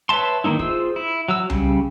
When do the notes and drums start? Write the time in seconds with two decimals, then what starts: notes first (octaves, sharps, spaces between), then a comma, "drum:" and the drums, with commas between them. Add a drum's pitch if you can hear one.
0.09 B4 C#5 E5 A5 C6
0.44 D#3 G#3 A#3 D#4 E4
0.59 F4 G#4 C5 E6, drum: kick
0.96 E4
1.28 F#3 E6
1.50 C#3 G3, drum: tom C2